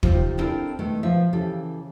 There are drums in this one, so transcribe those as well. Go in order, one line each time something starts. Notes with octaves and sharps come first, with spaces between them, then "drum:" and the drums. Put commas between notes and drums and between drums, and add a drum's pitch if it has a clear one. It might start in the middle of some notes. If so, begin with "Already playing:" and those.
C3 D#4 F4 G4, drum: kick
B3 C4 D4 E4 A4 A#4
B2 D#3 G#3 A3 B3
B2 F3 E5
C#3 E3 G4 A4